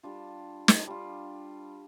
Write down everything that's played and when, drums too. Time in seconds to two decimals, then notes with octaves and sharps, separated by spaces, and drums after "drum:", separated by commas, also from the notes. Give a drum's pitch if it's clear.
0.03 G3 D4 F4
0.68 drum: snare
0.87 G3 D4 F4